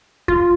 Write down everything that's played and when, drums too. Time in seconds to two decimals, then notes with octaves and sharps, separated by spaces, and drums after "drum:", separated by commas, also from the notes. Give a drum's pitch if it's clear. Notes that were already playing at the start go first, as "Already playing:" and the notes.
0.28 F4, drum: kick F2